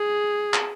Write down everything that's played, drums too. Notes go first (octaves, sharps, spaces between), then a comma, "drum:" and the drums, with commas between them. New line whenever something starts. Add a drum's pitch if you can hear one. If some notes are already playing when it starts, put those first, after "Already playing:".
Already playing: G#4
drum: clap